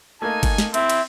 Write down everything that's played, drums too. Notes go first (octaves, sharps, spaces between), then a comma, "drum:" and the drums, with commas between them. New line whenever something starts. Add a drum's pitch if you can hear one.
A3 A#3 D#4 G#5
drum: kick G1, cymbal
drum: snare
C4 E4 E5, drum: cymbal
drum: cymbal